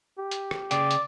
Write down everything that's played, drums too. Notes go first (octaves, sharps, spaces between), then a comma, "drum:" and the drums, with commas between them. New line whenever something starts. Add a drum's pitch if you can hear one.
G4
drum: hi-hat
drum: rim click
C#3 G#4 D5 G5, drum: hi-hat
drum: hi-hat